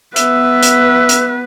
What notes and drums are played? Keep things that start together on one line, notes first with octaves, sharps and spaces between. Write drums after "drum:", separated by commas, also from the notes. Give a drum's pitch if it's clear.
B3 B4 E5, drum: hi-hat
drum: hi-hat
drum: hi-hat